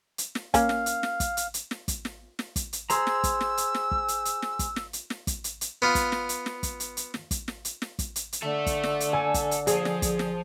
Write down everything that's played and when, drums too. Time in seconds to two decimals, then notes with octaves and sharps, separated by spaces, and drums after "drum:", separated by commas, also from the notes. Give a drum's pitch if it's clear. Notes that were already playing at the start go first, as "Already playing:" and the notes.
0.18 drum: hi-hat
0.35 drum: snare
0.54 A#3 C#4 F5 G#5, drum: kick, hi-hat
0.69 drum: snare
0.86 drum: hi-hat
1.03 drum: snare
1.20 drum: kick, hi-hat
1.37 drum: hi-hat
1.54 drum: hi-hat
1.71 drum: snare
1.88 drum: kick, hi-hat
2.05 drum: snare
2.39 drum: snare
2.56 drum: kick, hi-hat
2.73 drum: hi-hat
2.90 G#4 C5 A#5 E6, drum: hi-hat
3.07 drum: snare
3.24 drum: kick, hi-hat
3.41 drum: snare
3.57 drum: hi-hat
3.74 drum: snare
3.91 drum: kick
4.08 drum: hi-hat
4.25 drum: hi-hat
4.42 drum: snare
4.59 drum: kick, hi-hat
4.76 drum: snare
4.93 drum: hi-hat
5.10 drum: snare
5.27 drum: kick, hi-hat
5.44 drum: hi-hat
5.61 drum: hi-hat
5.82 B3 F4
5.95 drum: kick, hi-hat
6.12 drum: snare
6.29 drum: hi-hat
6.46 drum: snare
6.63 drum: kick, hi-hat
6.80 drum: hi-hat
6.97 drum: hi-hat
7.14 drum: snare
7.31 drum: kick, hi-hat
7.48 drum: snare
7.65 drum: hi-hat
7.82 drum: snare
7.99 drum: kick, hi-hat
8.16 drum: hi-hat
8.33 drum: hi-hat
8.42 D3 A4 E5
8.66 drum: kick, hi-hat
8.83 drum: snare
9.00 drum: hi-hat
9.13 G#5
9.34 drum: kick, hi-hat
9.51 drum: hi-hat
9.67 F3 G#4, drum: hi-hat
9.85 drum: snare
10.02 drum: kick, hi-hat
10.19 drum: snare